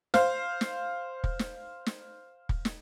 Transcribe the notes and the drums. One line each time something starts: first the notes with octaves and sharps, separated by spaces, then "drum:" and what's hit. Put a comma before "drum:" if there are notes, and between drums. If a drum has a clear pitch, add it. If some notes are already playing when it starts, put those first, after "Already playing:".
C5 F5, drum: snare
drum: snare
drum: kick
drum: snare
drum: snare
drum: kick
drum: snare